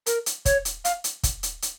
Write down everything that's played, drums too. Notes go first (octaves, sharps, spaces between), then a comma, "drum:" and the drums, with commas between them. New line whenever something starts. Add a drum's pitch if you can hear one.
A#4, drum: hi-hat
drum: hi-hat
C#5, drum: kick, hi-hat
drum: hi-hat
F5, drum: hi-hat
drum: hi-hat
drum: kick, hi-hat
drum: hi-hat
drum: hi-hat